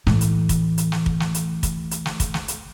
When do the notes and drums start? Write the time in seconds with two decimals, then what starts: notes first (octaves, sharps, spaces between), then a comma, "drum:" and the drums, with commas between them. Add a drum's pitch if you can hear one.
0.07 A2 E3, drum: snare
0.21 drum: hi-hat
0.49 drum: kick, hi-hat
0.78 drum: hi-hat
0.92 drum: snare
1.06 drum: kick
1.20 drum: snare
1.34 drum: hi-hat
1.63 drum: kick, hi-hat
1.91 drum: hi-hat
2.06 drum: snare
2.20 drum: kick, hi-hat
2.34 drum: snare
2.48 drum: hi-hat